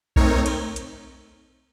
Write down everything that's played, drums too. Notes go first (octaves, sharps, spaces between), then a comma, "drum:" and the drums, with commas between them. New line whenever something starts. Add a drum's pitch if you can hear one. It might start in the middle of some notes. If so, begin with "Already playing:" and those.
A3 C4 D#4 A#4 C#5, drum: kick B1
drum: cymbal
drum: hi-hat